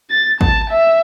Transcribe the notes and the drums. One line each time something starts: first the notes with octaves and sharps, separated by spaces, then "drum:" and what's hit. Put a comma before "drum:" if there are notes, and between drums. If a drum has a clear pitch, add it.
A6
A5, drum: kick G#1
E5